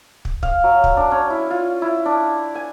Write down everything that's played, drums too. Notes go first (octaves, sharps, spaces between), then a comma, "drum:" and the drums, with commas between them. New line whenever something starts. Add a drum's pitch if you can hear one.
drum: kick
F5, drum: kick
F#3
drum: kick
D4
C#4
E4
F4
E4
D4
G#5